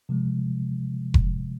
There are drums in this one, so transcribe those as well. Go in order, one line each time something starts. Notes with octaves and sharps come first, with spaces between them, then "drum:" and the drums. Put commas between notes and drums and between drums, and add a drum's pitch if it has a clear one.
C3 F3 G#3
drum: kick F1